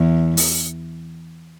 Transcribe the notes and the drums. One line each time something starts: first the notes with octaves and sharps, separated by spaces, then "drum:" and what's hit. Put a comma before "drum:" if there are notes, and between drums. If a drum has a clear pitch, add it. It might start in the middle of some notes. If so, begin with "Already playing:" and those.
Already playing: E2
drum: open hi-hat